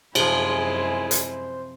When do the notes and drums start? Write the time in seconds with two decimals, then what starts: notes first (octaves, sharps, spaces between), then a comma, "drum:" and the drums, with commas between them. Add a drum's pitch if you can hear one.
0.15 F#2 C3 F3 G#3 E4 G#4 C5, drum: cymbal
1.11 drum: hi-hat